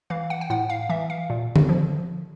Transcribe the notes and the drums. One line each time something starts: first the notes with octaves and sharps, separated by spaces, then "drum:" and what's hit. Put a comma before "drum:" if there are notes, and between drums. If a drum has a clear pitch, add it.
E3 F5
F#5
G5
A2 F#5
F5
E3 E5
F5
A#2
drum: tom D3
F3